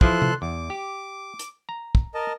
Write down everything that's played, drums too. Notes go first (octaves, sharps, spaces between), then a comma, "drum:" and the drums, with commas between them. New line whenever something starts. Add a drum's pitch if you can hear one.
E3 F3 E4 A4 C6 F#6, drum: kick
drum: tom
E2 D6
G4
drum: hi-hat
A#5
drum: kick
A#4 D#5 A5